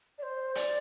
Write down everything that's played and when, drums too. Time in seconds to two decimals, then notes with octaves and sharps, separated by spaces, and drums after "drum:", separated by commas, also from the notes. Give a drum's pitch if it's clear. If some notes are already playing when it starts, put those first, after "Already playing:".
0.18 D5
0.23 C5
0.55 D5, drum: hi-hat